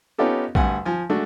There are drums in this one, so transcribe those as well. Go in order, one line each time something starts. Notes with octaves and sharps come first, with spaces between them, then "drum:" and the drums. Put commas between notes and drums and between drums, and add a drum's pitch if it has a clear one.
B3 C#4 D#4 F4 G4 A4
D2 G2 F#5 G#5, drum: kick
F3 G#5
G#3 A3 D4 F#4